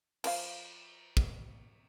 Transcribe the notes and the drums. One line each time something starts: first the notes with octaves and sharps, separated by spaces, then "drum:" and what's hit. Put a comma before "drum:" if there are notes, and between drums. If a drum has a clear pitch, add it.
F3 C5 F5, drum: cymbal
drum: kick